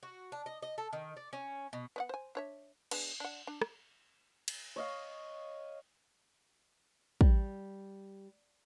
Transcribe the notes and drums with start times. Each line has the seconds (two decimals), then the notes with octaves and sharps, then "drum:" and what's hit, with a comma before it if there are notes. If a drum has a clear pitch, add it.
0.03 F#4
0.32 D4
0.46 D#5
0.62 D#5
0.78 A4
0.93 D#3
1.17 D5
1.33 C#4
1.73 B2
1.96 B3 D5 F#5
2.09 C5 G#5
2.35 D4 C#5 E5
2.91 G#3 B3 D4, drum: cymbal
3.20 D4 F#5
3.47 D4
3.62 drum: rim click
4.48 drum: cymbal
4.76 C#5 D#5 F5
7.21 G3, drum: kick